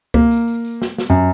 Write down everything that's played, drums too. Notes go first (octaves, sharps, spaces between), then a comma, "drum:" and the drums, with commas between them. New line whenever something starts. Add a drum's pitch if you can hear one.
A#3, drum: kick C#2
drum: tambourine
drum: tambourine
drum: tambourine
drum: snare
drum: snare
F#2